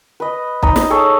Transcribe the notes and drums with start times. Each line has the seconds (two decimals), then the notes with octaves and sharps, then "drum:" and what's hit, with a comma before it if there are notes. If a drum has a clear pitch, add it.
0.20 B4 D#5
0.63 D#4 D#5 A#5, drum: kick
0.76 drum: snare
0.90 G#4 A4 C#5